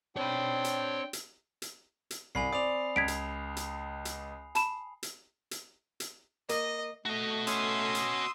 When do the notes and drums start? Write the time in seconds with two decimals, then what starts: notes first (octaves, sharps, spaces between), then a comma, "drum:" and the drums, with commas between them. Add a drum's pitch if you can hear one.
0.17 C4 D4 C#5 G5 B5
0.64 drum: hi-hat
1.13 drum: hi-hat
1.62 drum: hi-hat
2.10 drum: hi-hat
2.35 C2 G#5 B5 C7
2.53 C4 D5 D#6 F7
2.96 C#2 G#6 B6 D7
3.08 drum: hi-hat
3.57 drum: hi-hat
4.05 drum: hi-hat
4.55 A5 B5 E7, drum: hi-hat
5.03 drum: hi-hat
5.51 drum: hi-hat
6.00 drum: hi-hat
6.49 A#3 D#5, drum: hi-hat
7.06 A3 F#4 D#5
7.47 C#4 C6 D#6 E6, drum: hi-hat
7.95 drum: hi-hat